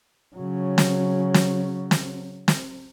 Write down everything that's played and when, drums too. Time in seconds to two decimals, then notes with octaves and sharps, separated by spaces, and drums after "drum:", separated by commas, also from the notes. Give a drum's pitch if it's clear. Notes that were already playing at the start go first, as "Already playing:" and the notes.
0.35 C#3 F#3
0.78 drum: snare
1.34 drum: snare
1.91 drum: snare
2.48 drum: snare